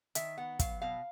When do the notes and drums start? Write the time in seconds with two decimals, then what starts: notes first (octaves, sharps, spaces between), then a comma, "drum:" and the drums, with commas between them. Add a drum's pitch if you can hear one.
0.15 D#3 E5, drum: hi-hat
0.38 B3 F#5
0.59 F#3 F5, drum: kick, hi-hat
0.82 B2 F5